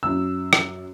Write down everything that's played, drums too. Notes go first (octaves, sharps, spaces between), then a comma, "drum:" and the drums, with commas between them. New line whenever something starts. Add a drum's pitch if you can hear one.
F#2 E6
drum: rim click